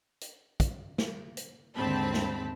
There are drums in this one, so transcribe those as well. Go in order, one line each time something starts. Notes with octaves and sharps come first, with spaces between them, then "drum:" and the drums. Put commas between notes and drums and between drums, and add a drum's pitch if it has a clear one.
drum: hi-hat
drum: kick, hi-hat
drum: snare
drum: hi-hat
D#2 G#2 D3 C4 A5 B5
drum: snare